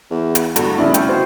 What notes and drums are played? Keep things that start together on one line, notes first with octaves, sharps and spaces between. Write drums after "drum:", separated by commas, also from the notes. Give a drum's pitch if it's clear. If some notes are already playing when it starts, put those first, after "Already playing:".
E2
drum: hi-hat
G2 D3 F#4, drum: hi-hat
F1 C#3 D4 E4 E5
G5 C#6, drum: hi-hat
B2 C5